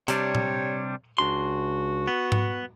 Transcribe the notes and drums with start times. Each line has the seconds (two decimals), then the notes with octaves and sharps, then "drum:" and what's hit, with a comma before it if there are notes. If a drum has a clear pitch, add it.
0.08 C3 G3 D4 C#5, drum: hi-hat
0.35 drum: tom A#2
1.18 C#2 D4 F#4 C6
2.08 B3
2.32 drum: tom G#2